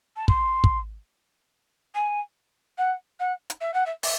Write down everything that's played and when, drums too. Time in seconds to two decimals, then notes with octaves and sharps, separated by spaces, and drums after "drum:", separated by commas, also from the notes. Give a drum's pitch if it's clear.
0.16 A5
0.28 C6, drum: kick
0.64 drum: kick
1.94 G#5
2.78 F#5
3.19 F#5
3.50 drum: hi-hat
3.61 E5
3.74 F#5
3.86 E5
4.03 E5, drum: open hi-hat